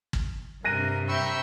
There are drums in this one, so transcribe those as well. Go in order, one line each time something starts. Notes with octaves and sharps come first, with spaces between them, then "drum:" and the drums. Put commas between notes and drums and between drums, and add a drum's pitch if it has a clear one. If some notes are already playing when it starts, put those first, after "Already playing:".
drum: kick
G2 C3 A#4 F#6 A#6 D#7
E5 G5 A#5 B5 C#6 E6